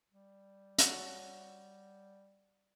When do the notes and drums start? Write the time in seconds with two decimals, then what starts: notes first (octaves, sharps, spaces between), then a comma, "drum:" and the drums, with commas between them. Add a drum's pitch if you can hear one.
0.11 G3
0.78 F#4 C#5 A5, drum: hi-hat